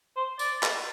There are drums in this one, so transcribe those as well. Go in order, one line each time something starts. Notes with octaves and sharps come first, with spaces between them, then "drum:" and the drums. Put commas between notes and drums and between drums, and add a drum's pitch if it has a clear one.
C5
D5, drum: tambourine
drum: clap